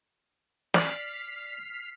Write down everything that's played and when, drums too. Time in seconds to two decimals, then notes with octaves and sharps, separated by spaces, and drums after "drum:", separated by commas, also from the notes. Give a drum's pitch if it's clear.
0.74 D5 F6 B6 C7, drum: snare